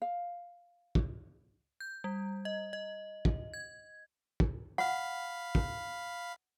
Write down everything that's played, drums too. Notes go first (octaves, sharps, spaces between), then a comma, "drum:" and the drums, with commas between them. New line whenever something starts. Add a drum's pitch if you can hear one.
F5
drum: kick
G6
G3
D#5
D#5
drum: kick
G#6
drum: kick
F5 F#5 B5
drum: kick